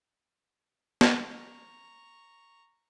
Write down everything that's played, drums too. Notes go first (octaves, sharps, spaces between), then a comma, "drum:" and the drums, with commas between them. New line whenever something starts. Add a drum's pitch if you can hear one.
drum: snare
A#5 C#6